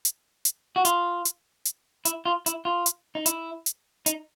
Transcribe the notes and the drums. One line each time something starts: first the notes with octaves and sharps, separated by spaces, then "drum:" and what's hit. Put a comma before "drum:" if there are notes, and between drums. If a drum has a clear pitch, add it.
drum: hi-hat
drum: hi-hat
F#4
F4, drum: hi-hat
drum: hi-hat
drum: hi-hat
E4, drum: hi-hat
F4
E4, drum: hi-hat
F4
drum: hi-hat
D#4
E4, drum: hi-hat
drum: hi-hat
D#4, drum: hi-hat